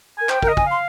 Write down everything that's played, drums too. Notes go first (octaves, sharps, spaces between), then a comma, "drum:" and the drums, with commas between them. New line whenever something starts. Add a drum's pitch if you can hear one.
A#4 G#5
C5 G5, drum: clap
A#4, drum: kick
D#5
G#5, drum: kick
F5 C6